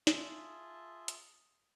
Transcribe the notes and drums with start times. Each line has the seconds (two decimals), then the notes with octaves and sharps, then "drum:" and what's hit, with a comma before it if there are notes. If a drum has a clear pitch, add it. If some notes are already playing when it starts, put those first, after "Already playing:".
0.07 F4 G#4 E5 A5, drum: snare
1.08 drum: hi-hat